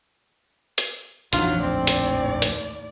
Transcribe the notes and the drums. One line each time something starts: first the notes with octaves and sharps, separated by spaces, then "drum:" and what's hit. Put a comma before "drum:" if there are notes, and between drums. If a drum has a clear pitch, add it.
drum: hi-hat
A#1 F2 D#3 E3 F#3 D4 F4, drum: hi-hat
D#2 A2 C4 D5
drum: hi-hat
drum: hi-hat